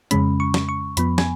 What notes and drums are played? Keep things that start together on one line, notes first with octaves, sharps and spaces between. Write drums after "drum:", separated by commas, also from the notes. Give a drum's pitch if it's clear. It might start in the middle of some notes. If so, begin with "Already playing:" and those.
F2 C#3 G#3 C#4 B5, drum: hi-hat
C#6
drum: snare
C#6
F2 F3 B3 B5, drum: hi-hat
G#5, drum: snare